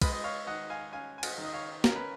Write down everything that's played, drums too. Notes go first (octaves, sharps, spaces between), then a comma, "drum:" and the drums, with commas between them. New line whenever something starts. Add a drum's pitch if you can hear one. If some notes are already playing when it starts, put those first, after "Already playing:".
G#3 B4 D#5, drum: kick, cymbal
D#5
C#5 F5
D#3 D#5 F#5
F5 G#5
C#4 F5 G#5
G#5
D#5 F#5, drum: cymbal
D#3
D#5
C#5 F5
C#4 A#4, drum: snare
B4